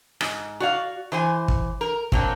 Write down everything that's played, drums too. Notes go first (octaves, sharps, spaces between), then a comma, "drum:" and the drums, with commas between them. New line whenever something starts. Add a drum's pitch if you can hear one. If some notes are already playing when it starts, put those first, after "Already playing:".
G#2, drum: rim click
F#4 D5 F5
E3 C5 G#5
drum: kick
A#4
F#3 A#3 C4 D4, drum: kick